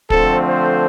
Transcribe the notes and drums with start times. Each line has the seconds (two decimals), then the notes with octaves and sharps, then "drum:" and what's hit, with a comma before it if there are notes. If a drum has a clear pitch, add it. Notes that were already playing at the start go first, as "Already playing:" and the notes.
0.10 D3 F3 A3 C4 A4, drum: kick
0.50 C5